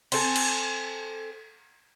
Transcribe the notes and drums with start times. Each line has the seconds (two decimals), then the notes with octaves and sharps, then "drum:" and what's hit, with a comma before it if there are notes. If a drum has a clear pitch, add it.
0.12 C4 A4 G#5, drum: cymbal
0.36 drum: cymbal